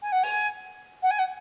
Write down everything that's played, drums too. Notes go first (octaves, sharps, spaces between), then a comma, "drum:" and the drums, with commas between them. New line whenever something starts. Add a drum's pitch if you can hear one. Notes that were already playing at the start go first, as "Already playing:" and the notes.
G#5
F#5
G#5, drum: open hi-hat
F#5
G#5
F#5